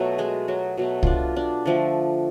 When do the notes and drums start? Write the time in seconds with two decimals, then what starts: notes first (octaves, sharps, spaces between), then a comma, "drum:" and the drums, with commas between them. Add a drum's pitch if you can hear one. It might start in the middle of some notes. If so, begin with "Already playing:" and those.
Already playing: B2 F#3 A3
0.18 G#3 G#4
0.48 F#3 F#4
0.77 B2 F#3 A3
1.03 D4 F4, drum: kick C2
1.36 D4
1.66 D3 F3 A3